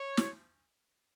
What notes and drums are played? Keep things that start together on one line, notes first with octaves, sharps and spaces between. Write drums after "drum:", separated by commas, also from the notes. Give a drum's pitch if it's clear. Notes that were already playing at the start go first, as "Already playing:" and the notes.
Already playing: C#5
drum: snare